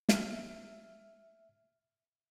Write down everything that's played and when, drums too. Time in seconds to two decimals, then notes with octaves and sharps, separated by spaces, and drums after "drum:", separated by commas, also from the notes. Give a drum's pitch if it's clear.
0.09 E5 F6, drum: snare